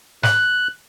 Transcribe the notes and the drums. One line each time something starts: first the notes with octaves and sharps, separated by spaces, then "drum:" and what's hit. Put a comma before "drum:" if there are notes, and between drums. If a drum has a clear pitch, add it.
F#6, drum: snare